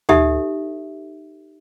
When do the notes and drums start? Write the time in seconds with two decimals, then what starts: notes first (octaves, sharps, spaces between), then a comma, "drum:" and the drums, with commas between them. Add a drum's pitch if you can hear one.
0.09 D#4 G4 A4 E5, drum: tom